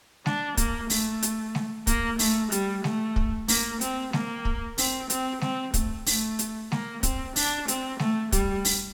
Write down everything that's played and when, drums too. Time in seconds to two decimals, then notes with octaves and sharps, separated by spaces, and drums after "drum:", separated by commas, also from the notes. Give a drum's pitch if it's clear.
0.26 D4, drum: snare G#3
0.57 A#3, drum: kick, hi-hat
0.90 A3, drum: open hi-hat
1.22 drum: hi-hat
1.55 drum: snare G#3
1.87 A#3, drum: kick, hi-hat
2.19 A3, drum: open hi-hat
2.52 G3, drum: hi-hat
2.84 A3, drum: snare G#3
3.16 drum: kick
3.48 A#3, drum: open hi-hat
3.81 C4, drum: hi-hat
4.13 A#3, drum: snare G#3
4.45 drum: kick
4.78 C4, drum: open hi-hat
5.10 C4, drum: hi-hat
5.41 C4, drum: snare G#3
5.74 A3, drum: kick, hi-hat
6.06 A3, drum: open hi-hat
6.39 drum: hi-hat
6.72 A#3, drum: snare G#3
7.03 C4, drum: kick, hi-hat
7.36 D4, drum: open hi-hat
7.68 C4, drum: hi-hat
7.99 A3, drum: snare G#3
8.32 G3, drum: kick, hi-hat
8.65 drum: open hi-hat